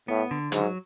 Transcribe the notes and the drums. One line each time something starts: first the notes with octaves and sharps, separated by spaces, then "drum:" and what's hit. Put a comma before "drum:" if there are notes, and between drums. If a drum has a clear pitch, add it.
A2 B3
D3
G#2 F#3, drum: hi-hat